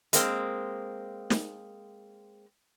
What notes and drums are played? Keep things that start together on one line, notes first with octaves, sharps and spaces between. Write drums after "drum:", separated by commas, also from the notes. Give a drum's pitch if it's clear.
G#3 A#3 C4, drum: hi-hat
drum: snare